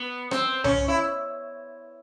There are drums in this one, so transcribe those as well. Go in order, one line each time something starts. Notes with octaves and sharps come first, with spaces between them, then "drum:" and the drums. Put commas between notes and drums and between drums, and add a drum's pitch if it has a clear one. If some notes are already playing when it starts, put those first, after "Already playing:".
Already playing: B3
C4, drum: rim click
C#4, drum: tom C2
E4